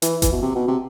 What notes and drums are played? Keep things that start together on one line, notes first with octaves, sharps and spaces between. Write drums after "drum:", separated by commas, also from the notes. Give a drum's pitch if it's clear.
E3, drum: hi-hat
E3, drum: kick G1, hi-hat
B2
C3
B2
C3